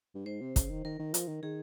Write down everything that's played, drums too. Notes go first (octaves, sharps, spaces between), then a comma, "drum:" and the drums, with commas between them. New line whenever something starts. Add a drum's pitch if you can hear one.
G2
G#2 C5
C3
C#3, drum: kick, hi-hat
D#3
D#3 A#4
D#3
F3, drum: hi-hat
D#3
D#3 G#4